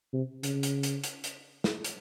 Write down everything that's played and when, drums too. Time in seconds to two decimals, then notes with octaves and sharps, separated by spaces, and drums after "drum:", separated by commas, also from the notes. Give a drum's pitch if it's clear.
0.13 C3
0.43 C#3, drum: hi-hat
0.63 drum: hi-hat
0.83 drum: hi-hat
1.04 drum: hi-hat
1.24 drum: hi-hat
1.64 drum: snare
1.84 drum: hi-hat